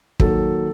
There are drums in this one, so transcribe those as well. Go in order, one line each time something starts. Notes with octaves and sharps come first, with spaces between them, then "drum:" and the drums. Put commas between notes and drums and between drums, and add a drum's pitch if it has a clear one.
D#3 F#3 A#3 A4, drum: kick